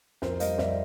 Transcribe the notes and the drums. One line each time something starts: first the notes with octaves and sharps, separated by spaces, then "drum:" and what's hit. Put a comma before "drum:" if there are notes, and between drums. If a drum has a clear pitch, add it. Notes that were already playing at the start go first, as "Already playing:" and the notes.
F2 A#4 C5, drum: snare
G3 D#5 F5, drum: hi-hat
F2 D5 E5, drum: snare